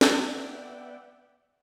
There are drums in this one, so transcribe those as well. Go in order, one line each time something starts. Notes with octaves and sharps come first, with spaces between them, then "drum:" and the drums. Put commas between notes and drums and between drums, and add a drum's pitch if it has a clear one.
B3 D5 E5 F#5 G5, drum: snare